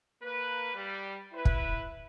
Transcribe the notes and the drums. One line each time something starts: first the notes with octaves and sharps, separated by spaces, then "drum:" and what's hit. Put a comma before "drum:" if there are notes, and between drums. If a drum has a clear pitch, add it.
A#3 B4
G3
E4 B4
drum: kick